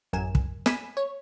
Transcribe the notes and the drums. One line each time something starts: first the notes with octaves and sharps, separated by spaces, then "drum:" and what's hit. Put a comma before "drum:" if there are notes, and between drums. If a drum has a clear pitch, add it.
A1 F#2 A#4 G#5 E7
drum: kick
G#5 B5 B6 D#7 E7, drum: snare
C#5